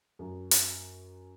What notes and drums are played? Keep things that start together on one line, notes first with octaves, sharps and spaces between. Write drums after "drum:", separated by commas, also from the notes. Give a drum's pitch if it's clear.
F#2
drum: hi-hat